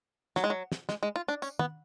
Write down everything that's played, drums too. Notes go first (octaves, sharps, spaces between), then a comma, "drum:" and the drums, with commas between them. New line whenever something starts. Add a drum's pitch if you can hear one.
F#3, drum: snare
G#3
F#3
drum: snare
G#3, drum: snare
G#3
F4
D4
C#4, drum: tambourine
B3, drum: tom